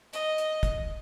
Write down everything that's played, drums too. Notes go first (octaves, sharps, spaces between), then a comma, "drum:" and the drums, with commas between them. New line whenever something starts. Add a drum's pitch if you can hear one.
D#5, drum: hi-hat
drum: hi-hat
drum: kick, hi-hat